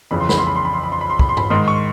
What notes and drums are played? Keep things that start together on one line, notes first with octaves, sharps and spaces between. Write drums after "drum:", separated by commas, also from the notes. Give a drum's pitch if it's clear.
F2 C#3 E3 B5
C6
B5, drum: snare
C6
B5
C6
B5
C6
B5
C6
B5
C6
B5, drum: kick
C6
B5, drum: tom G2
G#2 D#3 C6
C#6